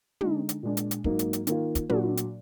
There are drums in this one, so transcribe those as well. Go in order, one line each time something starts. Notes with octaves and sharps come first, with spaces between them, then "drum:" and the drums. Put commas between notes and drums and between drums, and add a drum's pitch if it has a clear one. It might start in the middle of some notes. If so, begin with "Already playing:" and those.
D3 G#3 D#4, drum: tom
drum: hi-hat
A#2 G#3 D4
drum: hi-hat
drum: hi-hat
G#2 F#3 A#3 D#4, drum: kick
drum: hi-hat
drum: hi-hat
D#3 A#3 F4, drum: hi-hat
drum: kick, hi-hat
A#2 F#3 D4 F#4, drum: tom
drum: hi-hat